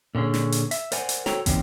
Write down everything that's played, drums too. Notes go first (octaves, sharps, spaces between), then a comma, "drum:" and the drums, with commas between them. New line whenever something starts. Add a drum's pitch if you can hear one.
A#2 D3 C#4 G#4
drum: snare
drum: hi-hat
E5, drum: hi-hat
A#4 C5 D5 F#5 G#5, drum: hi-hat
drum: hi-hat
F#4 A4 C5 C#5 G5 A#5, drum: snare
D#3 E3 G3 A#3 C4 C#4, drum: kick, hi-hat